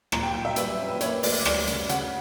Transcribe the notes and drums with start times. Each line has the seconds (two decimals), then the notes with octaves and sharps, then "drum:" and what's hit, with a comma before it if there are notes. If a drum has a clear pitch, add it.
0.12 A#2 A#5, drum: rim click
0.23 G5
0.34 A#2 G5
0.45 E5
0.56 G3 B4, drum: hi-hat
0.79 C#4
0.89 B4
1.01 A#3 C#5, drum: hi-hat
1.23 D2 D5, drum: open hi-hat
1.45 G3, drum: rim click
1.67 C#3, drum: hi-hat
1.89 C#3 F#5, drum: hi-hat